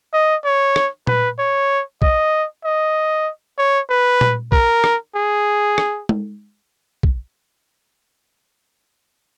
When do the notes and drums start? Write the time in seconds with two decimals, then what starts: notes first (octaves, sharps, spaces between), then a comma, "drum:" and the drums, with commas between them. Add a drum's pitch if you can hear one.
0.13 D#5
0.44 C#5
0.76 drum: rim click
1.07 B4, drum: tom A#2
1.39 C#5
2.02 D#5, drum: kick
2.64 D#5
3.58 C#5
3.90 B4
4.21 drum: tom A#2
4.52 A#4, drum: kick
4.84 drum: rim click
5.15 G#4
5.78 drum: rim click
6.09 drum: tom G#3
7.03 drum: kick